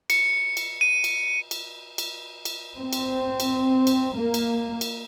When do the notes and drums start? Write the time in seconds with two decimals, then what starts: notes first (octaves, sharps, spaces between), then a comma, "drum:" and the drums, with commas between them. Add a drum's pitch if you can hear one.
0.10 C#7, drum: cymbal
0.57 drum: cymbal
0.81 D#7
1.04 drum: cymbal
1.51 drum: cymbal
1.98 drum: cymbal
2.45 drum: cymbal
2.78 C4
2.93 drum: cymbal
3.40 drum: cymbal
3.87 drum: cymbal
4.18 A#3
4.34 drum: cymbal
4.81 drum: cymbal